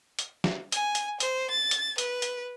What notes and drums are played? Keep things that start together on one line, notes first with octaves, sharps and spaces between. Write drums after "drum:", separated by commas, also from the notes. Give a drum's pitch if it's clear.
drum: hi-hat
drum: snare
G#5, drum: hi-hat
drum: hi-hat
C5, drum: hi-hat
A6
drum: hi-hat
B4, drum: hi-hat
drum: hi-hat